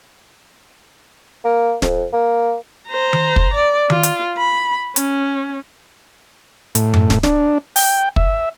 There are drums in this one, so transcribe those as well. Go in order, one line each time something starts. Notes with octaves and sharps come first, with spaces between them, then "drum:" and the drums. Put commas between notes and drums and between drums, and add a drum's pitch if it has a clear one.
A#3
F2, drum: snare
A#3
C5 A#5
drum: tom D#3
drum: kick
D5
F4, drum: tom D#3
drum: hi-hat
B5
C#4, drum: hi-hat
A2, drum: hi-hat
drum: tom F#2
drum: snare
D4, drum: snare
G5, drum: open hi-hat
E5, drum: kick